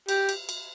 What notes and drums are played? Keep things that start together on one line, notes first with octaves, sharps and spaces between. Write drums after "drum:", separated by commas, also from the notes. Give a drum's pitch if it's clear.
G4, drum: cymbal
drum: cymbal
drum: cymbal